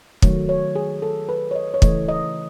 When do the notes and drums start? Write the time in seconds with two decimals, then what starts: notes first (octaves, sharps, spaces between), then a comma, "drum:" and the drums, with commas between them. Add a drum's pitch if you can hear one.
0.22 D#3 F#3 A3 C#5, drum: kick
0.49 C#5
0.76 G#4
1.02 A4
1.29 B4
1.51 C#5
1.55 D#5
1.74 C#5
1.82 C#3 E3 A3 D#5, drum: kick
2.09 D#5